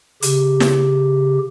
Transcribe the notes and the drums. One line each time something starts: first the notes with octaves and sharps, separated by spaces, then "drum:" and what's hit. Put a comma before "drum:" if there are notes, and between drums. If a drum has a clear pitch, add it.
C#3 G4, drum: hi-hat
drum: snare